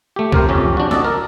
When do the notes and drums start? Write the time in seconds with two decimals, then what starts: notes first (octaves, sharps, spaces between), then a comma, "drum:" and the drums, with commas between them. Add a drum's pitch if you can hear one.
0.16 A3 G4
0.32 C3 A#4 C5, drum: kick
0.49 F2 C#4 G4
0.77 D4 F#4
0.91 A4 D5 D#5, drum: snare
1.04 A#4